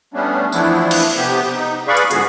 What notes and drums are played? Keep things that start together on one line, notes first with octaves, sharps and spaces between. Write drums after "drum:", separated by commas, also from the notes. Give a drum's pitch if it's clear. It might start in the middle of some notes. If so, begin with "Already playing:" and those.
G3 A3 B3 C#4 D4
E3 F3 A3 B3 D4 E4, drum: tambourine
drum: cymbal
C3 B3 G4
D#4
G#4 B4 D5 F5 B5 C#6
drum: hi-hat
G#2 D3 F3 B3 F#4 G#4, drum: hi-hat